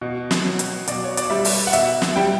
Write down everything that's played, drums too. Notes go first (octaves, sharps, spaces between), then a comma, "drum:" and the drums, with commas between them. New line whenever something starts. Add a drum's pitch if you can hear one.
B2
drum: snare
F#3
drum: hi-hat
B2 D5, drum: hi-hat
C#5
D5, drum: hi-hat
G3 E5
drum: open hi-hat
F#5
B2 E5, drum: hi-hat
drum: snare
G3 G5